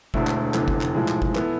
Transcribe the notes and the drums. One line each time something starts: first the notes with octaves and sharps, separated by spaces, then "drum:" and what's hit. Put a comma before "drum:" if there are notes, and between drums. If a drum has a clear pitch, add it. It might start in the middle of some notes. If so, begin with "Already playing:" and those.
E1 D2 D3 A3 E4, drum: kick G1
drum: clap
F1 E2 D3, drum: clap
drum: kick G1
drum: clap
B1 A2 F3 G#3
drum: clap
drum: kick G1
E3 B3 E4 A4, drum: clap